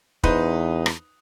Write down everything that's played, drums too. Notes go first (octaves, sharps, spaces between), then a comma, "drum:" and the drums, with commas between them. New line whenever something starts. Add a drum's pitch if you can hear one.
E2 D#4 B4 C5, drum: kick
drum: rim click